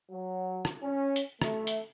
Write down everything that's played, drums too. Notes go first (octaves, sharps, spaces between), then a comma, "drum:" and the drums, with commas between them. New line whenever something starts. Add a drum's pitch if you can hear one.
F#3
drum: rim click
C#4
drum: hi-hat
A3, drum: rim click
drum: hi-hat